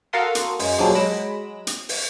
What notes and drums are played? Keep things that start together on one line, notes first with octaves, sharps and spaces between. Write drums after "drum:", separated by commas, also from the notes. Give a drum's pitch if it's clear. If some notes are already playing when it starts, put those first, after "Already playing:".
F#4 A4 A#4 F5 C6 D#6
drum: hi-hat
F#2 G#3, drum: open hi-hat
D#2 B2 F3 F#3 D4 G#4
F#3 G#3 B5 A#6 D7 E7
drum: hi-hat
drum: open hi-hat